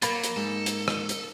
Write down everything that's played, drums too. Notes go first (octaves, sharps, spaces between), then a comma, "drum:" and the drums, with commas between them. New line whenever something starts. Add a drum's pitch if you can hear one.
F#3 A#3 B5 A6, drum: hi-hat
drum: hi-hat
G#2 A4
drum: hi-hat
drum: rim click
drum: hi-hat